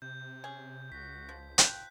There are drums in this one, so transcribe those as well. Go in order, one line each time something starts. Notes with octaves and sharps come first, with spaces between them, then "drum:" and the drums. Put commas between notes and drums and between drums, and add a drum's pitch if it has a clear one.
C3 G6
C#4 G#4
C#2 F#4 B6
F3
F3 G5 F#6, drum: hi-hat